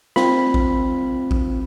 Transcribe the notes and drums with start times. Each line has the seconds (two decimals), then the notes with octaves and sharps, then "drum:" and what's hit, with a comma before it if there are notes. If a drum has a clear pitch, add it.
0.16 C4 F4 B5, drum: snare
0.54 drum: kick A1
1.31 drum: kick A1